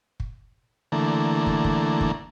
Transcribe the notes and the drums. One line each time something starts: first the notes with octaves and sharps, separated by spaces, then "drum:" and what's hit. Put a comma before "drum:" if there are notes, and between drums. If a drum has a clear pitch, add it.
drum: kick
D3 E3 A3 A#3
drum: kick
drum: kick
drum: kick